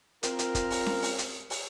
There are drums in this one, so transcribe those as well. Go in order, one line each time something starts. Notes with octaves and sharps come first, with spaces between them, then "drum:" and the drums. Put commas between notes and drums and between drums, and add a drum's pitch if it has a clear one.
C4 F4 A#4, drum: hi-hat
drum: hi-hat
drum: kick, hi-hat
drum: open hi-hat
drum: snare C#4
drum: open hi-hat
drum: hi-hat
drum: open hi-hat